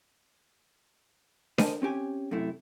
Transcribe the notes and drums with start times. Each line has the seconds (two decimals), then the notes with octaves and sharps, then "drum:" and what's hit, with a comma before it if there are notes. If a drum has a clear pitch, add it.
1.58 A#4 C5 D#5 G#5 A5, drum: snare D4
1.82 C4 C#4 G4 G#5
2.31 F#2 C3 A3 E4